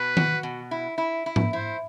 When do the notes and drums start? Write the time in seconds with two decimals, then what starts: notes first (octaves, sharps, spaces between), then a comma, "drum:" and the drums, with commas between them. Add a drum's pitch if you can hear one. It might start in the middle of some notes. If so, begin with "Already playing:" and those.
Already playing: B2 B4
0.17 F#4, drum: tom D#3
0.43 B2
0.71 E4
0.98 E4
1.26 E4
1.36 drum: tom G#2
1.53 E4 C5